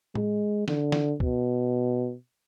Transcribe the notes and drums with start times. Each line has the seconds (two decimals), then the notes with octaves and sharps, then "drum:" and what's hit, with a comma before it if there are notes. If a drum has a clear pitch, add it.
0.15 G#3, drum: tom A2
0.68 D3, drum: snare
0.92 drum: snare
1.20 B2, drum: kick C#2